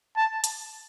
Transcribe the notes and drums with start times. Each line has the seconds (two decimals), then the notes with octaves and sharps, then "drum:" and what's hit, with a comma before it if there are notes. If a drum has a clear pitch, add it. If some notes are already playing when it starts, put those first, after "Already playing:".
0.17 A5
0.44 drum: hi-hat